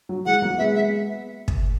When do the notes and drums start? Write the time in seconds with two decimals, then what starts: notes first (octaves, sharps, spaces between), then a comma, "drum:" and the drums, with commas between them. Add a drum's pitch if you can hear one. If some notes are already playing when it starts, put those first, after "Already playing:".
0.09 F#3
0.26 E3 G#3 F#5
0.42 F#3 A#3
0.58 G#3 B3 E5
0.76 E5
1.48 drum: kick